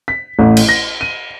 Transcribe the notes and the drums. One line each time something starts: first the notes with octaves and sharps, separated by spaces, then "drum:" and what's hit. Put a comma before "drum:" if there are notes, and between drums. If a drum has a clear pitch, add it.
B6
A1
drum: cymbal
A#6
D#7